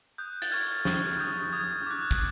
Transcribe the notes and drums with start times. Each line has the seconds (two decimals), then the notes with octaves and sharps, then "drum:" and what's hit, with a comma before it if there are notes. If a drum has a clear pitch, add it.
0.18 D#6 F#6 G6
0.42 A6, drum: hi-hat
0.52 C#6 F6 G#6
0.85 C#6 F6, drum: snare
1.19 D#6 G6
1.52 D#6 G6 G#6
1.87 D6 F#6
2.11 drum: kick